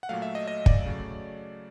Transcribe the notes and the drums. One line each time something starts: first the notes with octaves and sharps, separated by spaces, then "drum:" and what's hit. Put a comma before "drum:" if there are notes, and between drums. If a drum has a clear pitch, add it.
F#5
A#2 F#3 A3 F5
E5
D#5
D#5
D5, drum: kick
C#3 F#3 A3